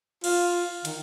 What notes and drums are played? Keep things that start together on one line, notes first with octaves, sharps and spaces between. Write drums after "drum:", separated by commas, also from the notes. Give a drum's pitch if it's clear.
F4, drum: cymbal
D#3, drum: hi-hat